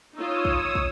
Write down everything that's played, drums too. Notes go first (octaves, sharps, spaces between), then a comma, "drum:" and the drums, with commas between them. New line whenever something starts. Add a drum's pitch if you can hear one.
D#4 F4 C#5 D#6 E6
drum: kick
drum: kick